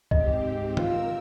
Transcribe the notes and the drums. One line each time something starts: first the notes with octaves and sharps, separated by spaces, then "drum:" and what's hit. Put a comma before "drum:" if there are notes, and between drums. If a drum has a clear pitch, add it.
G#2 C4 G4 D#5, drum: kick C2
F4 A#4 E6, drum: tom